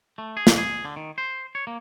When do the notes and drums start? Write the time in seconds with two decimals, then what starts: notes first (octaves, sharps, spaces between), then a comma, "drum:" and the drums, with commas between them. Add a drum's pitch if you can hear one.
0.18 A3
0.37 G#4
0.47 drum: snare
0.58 G#4
0.85 D3
0.96 D#3
1.18 C5
1.55 C#5
1.67 A#3